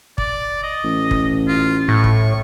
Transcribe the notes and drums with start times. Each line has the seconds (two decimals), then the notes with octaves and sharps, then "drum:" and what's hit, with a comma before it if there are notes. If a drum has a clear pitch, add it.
0.18 D5, drum: kick
0.63 D#5
0.84 A1
1.11 drum: kick
1.48 F4
1.88 A2 C#6
2.04 drum: kick